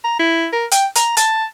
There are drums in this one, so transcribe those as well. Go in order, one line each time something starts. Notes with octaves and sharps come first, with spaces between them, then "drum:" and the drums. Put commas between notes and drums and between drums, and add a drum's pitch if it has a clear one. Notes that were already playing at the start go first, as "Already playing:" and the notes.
A#5
E4
A#4
G5, drum: hi-hat
A#5, drum: hi-hat
A5, drum: hi-hat